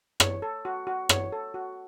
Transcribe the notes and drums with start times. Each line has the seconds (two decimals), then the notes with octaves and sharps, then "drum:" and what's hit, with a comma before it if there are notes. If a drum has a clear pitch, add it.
0.20 C#5, drum: rim click
0.42 A4
0.65 F#4
0.87 F#4
1.09 C#5, drum: rim click
1.32 A4
1.54 F#4